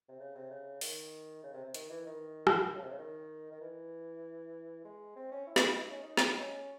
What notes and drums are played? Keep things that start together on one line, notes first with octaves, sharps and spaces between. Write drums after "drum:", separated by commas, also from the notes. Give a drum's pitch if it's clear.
C3
C#3
C3
C#3
D#3, drum: open hi-hat
C#3
C3
C3
D#3, drum: hi-hat
E3
D#3
drum: rim click
D#3
C#3
C3
C#3
D#3
D#3
E3
G#3
C4
C#4
E4
drum: snare
D#4
C#4
D#4
drum: snare
C#4